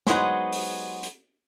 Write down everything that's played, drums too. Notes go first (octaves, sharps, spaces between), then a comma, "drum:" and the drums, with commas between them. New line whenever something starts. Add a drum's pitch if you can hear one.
F#3 G#3 B3 D#4 C5 F#5, drum: snare
drum: open hi-hat
drum: hi-hat